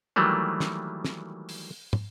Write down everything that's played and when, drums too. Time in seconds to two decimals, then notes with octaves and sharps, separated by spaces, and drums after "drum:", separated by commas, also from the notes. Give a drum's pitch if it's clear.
0.16 D#3 E3 F#3 G3 A3 A#3
0.60 drum: snare
1.05 drum: snare
1.49 drum: open hi-hat
1.93 drum: tom